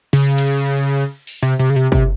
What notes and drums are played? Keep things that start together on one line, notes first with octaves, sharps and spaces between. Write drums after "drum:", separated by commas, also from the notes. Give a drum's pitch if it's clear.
C#3, drum: open hi-hat
drum: cymbal
drum: open hi-hat
C3
C3
C#3
C3
C3, drum: kick